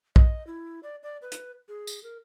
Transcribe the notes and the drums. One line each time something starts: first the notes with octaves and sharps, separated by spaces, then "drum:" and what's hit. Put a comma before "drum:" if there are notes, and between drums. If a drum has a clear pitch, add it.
D#5, drum: kick
E4
D5
D5
B4
drum: hi-hat
G#4
drum: tambourine
A#4